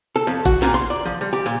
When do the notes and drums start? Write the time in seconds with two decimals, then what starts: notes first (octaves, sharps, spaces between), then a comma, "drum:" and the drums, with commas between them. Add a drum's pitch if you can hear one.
0.16 A4
0.27 F2
0.45 F#4, drum: kick, hi-hat
0.62 A#2, drum: snare
0.74 C6
0.90 D5
1.05 F3
1.21 G3
1.33 G4
1.46 A#2